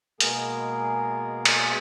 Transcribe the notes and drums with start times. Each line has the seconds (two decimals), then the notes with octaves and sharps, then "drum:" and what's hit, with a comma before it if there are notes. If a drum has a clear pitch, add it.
0.20 B2 G#3 A#3 B3 G#4 A#4, drum: hi-hat
1.45 drum: cymbal